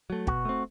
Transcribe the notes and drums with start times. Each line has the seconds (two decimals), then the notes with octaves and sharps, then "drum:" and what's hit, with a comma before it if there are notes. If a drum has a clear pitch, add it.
0.10 F#3 A3
0.27 B2 F#4, drum: kick
0.45 A3 C4